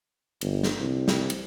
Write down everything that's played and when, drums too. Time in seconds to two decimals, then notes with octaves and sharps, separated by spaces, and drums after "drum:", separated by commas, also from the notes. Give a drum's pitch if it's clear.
0.41 G1, drum: cymbal
0.63 drum: snare
0.79 C2
1.08 drum: snare
1.30 drum: cymbal